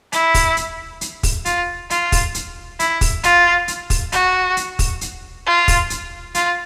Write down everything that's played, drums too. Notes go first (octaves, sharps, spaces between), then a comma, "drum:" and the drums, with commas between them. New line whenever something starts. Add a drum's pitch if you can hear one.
E4, drum: hi-hat
drum: kick, open hi-hat
drum: hi-hat
drum: hi-hat
drum: kick, open hi-hat
F4, drum: hi-hat
F4, drum: hi-hat
drum: kick, open hi-hat
drum: hi-hat
E4, drum: hi-hat
drum: kick, open hi-hat
F4, drum: hi-hat
drum: hi-hat
drum: kick, open hi-hat
F#4, drum: hi-hat
drum: hi-hat
drum: kick, open hi-hat
drum: hi-hat
F4
drum: kick, open hi-hat
drum: hi-hat
F4, drum: hi-hat